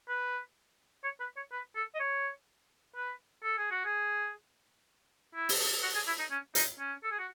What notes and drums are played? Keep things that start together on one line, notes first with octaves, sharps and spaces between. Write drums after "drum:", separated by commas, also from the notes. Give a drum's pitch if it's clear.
B4
C#5
B4
C#5
B4
A4
D#5
C#5
B4
A4
G#4
F#4
G#4
E4
drum: open hi-hat
F#4
G#4
E4
D#4
C#4
D#4, drum: hi-hat
C#4
A4
G#4
F#4